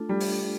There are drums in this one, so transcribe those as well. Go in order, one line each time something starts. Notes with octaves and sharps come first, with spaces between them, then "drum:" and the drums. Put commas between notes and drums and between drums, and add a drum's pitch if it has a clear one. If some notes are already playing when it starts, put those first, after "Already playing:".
Already playing: A3 D4 F4 A4
G3
drum: open hi-hat